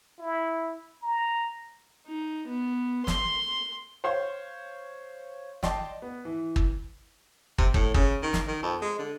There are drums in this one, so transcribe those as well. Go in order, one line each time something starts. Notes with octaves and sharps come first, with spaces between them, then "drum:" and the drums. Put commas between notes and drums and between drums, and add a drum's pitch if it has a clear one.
E4
A#5
D#4
B3
C6, drum: snare
C5 C#5 F5 C6
D5 D#5 G5 A5 C6, drum: snare
B3
E3
drum: kick
C3, drum: kick
A2, drum: kick
C#3, drum: kick
D#3
drum: snare
D#3
F2
G#3
D3